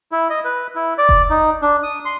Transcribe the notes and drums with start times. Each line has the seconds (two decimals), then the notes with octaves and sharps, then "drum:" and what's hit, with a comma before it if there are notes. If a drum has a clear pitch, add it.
0.12 E4
0.30 D#5
0.44 B4
0.75 E4
0.98 D5
1.09 drum: kick F1
1.30 D#4
1.62 D4
1.83 D#6
2.05 C6